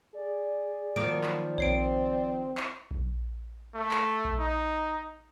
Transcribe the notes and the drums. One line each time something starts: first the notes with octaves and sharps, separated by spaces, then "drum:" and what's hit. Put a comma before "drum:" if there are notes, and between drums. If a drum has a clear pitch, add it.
G#4 D5
D#3 F3 F#3 A#3 D6 D7
drum: clap
C4 C#5 C7 D7, drum: kick A#1
drum: clap
drum: kick A#1
A3
drum: clap
drum: kick A#1
D#4